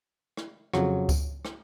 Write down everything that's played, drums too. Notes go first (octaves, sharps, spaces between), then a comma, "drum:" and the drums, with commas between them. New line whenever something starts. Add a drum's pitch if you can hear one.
drum: rim click
F2 C#3 F#3, drum: rim click
drum: kick C#2, tambourine
drum: rim click